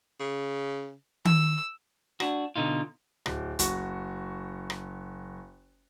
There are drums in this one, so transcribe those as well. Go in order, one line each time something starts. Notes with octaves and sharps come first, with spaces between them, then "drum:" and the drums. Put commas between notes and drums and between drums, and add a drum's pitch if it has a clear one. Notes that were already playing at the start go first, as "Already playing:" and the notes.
C#3
E6, drum: tom D#3
D4 F#4, drum: rim click
B2 D3 D#4 F4
D1, drum: rim click
F#1 F#4 C#6, drum: hi-hat
drum: rim click